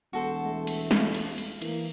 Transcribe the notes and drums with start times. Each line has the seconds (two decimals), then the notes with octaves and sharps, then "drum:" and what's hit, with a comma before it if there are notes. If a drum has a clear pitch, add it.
0.13 E1 F#4 A4 C5
0.44 A3
0.67 drum: cymbal
0.91 F5, drum: snare
1.14 drum: cymbal
1.38 drum: cymbal
1.62 E3 A#3, drum: cymbal